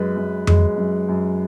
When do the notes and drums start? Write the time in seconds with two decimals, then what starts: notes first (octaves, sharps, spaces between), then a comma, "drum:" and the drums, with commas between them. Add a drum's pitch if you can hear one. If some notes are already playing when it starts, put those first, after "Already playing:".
Already playing: F#2 G#3 B4
0.17 F#2
0.47 G#3, drum: tom F2
0.77 F#2
1.09 F#2